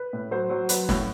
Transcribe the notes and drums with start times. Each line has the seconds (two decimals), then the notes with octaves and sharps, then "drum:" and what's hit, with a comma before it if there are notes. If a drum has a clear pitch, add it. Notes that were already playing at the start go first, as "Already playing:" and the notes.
Already playing: B4
0.13 A2
0.31 F#3 C5
0.50 F#3
0.69 F#3 B4, drum: hi-hat
0.89 A2, drum: snare